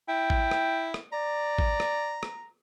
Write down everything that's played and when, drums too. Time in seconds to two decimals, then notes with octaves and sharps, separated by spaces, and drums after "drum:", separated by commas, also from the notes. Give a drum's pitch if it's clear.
0.09 E4 G5
0.30 drum: kick A1
0.51 drum: rim click
0.94 drum: rim click
1.13 D5 A#5
1.58 drum: kick A1
1.80 drum: rim click
2.23 drum: rim click